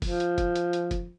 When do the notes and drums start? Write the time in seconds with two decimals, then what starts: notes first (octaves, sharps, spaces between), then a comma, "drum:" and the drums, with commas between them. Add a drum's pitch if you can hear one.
0.02 F3, drum: kick, open hi-hat
0.20 drum: hi-hat
0.38 drum: kick, hi-hat
0.56 drum: hi-hat
0.73 drum: hi-hat
0.91 drum: kick, hi-hat